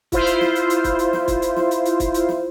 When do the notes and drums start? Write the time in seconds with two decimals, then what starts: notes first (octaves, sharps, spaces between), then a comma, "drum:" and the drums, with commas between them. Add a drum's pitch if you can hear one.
0.12 E4 F4 C5, drum: kick, hi-hat
0.26 drum: hi-hat
0.41 drum: snare
0.55 drum: hi-hat
0.70 drum: hi-hat
0.84 drum: kick, hi-hat
0.99 drum: hi-hat
1.13 drum: snare
1.28 drum: kick, hi-hat
1.42 drum: hi-hat
1.56 drum: snare
1.71 drum: hi-hat
1.85 drum: hi-hat
2.00 drum: kick, hi-hat
2.14 drum: hi-hat
2.29 drum: snare